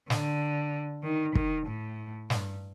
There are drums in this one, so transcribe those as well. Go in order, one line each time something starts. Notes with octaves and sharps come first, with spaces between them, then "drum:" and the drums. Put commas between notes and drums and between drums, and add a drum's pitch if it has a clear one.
D3, drum: snare
D#3
D#3, drum: kick
A2
G2, drum: snare